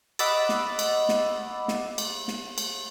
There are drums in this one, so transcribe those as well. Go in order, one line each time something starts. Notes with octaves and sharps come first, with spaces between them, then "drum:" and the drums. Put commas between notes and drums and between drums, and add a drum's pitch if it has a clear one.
D#5 F#5 B5 D6 E6 A6, drum: cymbal
drum: snare
drum: cymbal
drum: snare
drum: snare
drum: cymbal
drum: snare
drum: cymbal